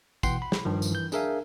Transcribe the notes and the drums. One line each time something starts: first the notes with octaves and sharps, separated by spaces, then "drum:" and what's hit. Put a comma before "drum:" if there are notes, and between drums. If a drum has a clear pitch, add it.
B2 E3 F#5 G5 C6 C7, drum: kick, tambourine
B5
drum: snare
G2 D#3 F3
drum: tambourine
E3 G6
D4 G#4 A#4 E5 F5 G#5, drum: tambourine